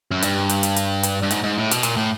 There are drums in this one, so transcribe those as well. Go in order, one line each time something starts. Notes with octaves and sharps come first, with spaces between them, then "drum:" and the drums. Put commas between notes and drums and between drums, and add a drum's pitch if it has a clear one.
F#2
G2, drum: hi-hat
drum: hi-hat
drum: hi-hat
drum: hi-hat
drum: hi-hat
G2
G#2, drum: hi-hat
G#2
A2
B2, drum: hi-hat
A#2, drum: hi-hat
A2